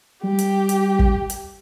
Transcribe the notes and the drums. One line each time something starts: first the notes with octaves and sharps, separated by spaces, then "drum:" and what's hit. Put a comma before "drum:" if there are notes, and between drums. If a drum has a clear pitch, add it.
G3 G4
drum: hi-hat
drum: hi-hat
drum: kick
drum: hi-hat